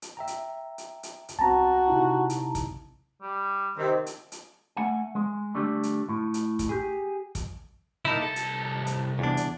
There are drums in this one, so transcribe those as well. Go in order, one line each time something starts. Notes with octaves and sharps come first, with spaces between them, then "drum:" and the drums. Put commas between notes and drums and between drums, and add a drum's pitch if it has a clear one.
drum: hi-hat
E5 G5 A#5
drum: hi-hat
drum: hi-hat
drum: hi-hat
drum: hi-hat
C2 C4 F#4 A5 A#5
C3 D#4 E4
drum: hi-hat
drum: kick, hi-hat
G3
C3 D#3 C4
drum: hi-hat
drum: hi-hat
A3 F#5 G#5
G#3
D3 G3 A3
drum: hi-hat
A2
drum: hi-hat
drum: kick, hi-hat
G4 G#4
drum: kick, hi-hat
C2 A#3 D#4 E4 A5
A4
drum: hi-hat
drum: hi-hat
E2 D4
drum: hi-hat